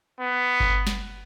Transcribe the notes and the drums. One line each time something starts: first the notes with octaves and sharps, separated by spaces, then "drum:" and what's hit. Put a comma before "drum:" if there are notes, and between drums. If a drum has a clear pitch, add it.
B3
drum: kick G1
drum: snare